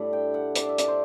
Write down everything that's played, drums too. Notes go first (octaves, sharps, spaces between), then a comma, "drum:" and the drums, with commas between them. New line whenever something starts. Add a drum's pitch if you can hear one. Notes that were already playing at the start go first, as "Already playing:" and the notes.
Already playing: A2 G3 D4
G5
F#5
D5, drum: hi-hat
E5
D5, drum: hi-hat
C5